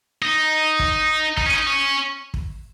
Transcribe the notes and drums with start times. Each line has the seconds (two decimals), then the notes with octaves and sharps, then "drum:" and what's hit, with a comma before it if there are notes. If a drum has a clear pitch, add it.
0.22 D#4
0.79 drum: kick
1.37 D#4, drum: kick
1.46 C#4
1.54 D#4
1.67 C#4
2.34 drum: kick